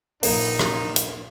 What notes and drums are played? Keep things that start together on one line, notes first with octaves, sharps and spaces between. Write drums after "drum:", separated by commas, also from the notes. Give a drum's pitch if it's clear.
A#1 A#3 D#4, drum: open hi-hat
drum: rim click
drum: hi-hat